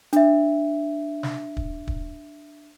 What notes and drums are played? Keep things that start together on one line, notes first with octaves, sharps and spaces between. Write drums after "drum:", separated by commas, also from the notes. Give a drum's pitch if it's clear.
D4 E5, drum: hi-hat
drum: snare
drum: kick
drum: kick